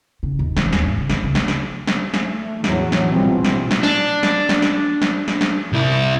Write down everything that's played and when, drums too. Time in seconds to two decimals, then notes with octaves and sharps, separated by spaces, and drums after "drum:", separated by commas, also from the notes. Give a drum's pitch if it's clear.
0.23 C#3
0.39 D#2
0.57 E3, drum: snare
0.73 D#2, drum: snare
0.86 G#2
0.97 C#3
1.10 E2, drum: snare
1.24 C#2
1.35 drum: snare
1.48 drum: snare
1.87 drum: snare
2.14 drum: snare
2.23 A3
2.64 E2 A2 E3 F#3, drum: snare
2.92 drum: snare
3.09 A#1 B2 E3 F3 G3 C4
3.45 drum: snare
3.71 drum: snare
3.83 D4, drum: snare
4.23 drum: snare
4.49 drum: snare
4.62 drum: snare
5.02 drum: snare
5.28 drum: snare
5.41 drum: snare
5.73 C2 E4